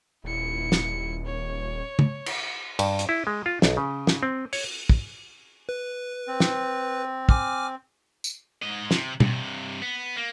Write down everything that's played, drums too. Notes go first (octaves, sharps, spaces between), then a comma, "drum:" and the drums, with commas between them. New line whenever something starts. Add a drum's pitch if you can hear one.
D#1 E4 C#7
drum: snare
C#5
drum: tom C#3
drum: cymbal
G2, drum: cymbal
drum: hi-hat
E4
G#3
F4
B1, drum: snare
C#3
drum: snare
C4
C#5, drum: open hi-hat
drum: kick
B4
C4
drum: snare
G#5 D6 F6, drum: kick
drum: tambourine
G#2 D#5
C3, drum: snare
G2 C3, drum: tom B2
B3
A#3